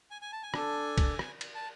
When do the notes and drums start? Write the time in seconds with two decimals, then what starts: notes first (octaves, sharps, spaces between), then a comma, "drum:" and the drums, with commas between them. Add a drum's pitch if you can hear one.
0.11 G#5
0.22 G#5
0.33 A5
0.43 G#5
0.54 D4 A4, drum: rim click
0.98 drum: kick, cymbal
1.19 drum: rim click
1.41 drum: cymbal
1.55 A5